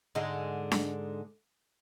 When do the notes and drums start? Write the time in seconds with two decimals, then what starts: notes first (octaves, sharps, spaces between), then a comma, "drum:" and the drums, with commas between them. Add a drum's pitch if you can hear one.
0.15 G#2 D3 G#3
0.71 drum: snare D4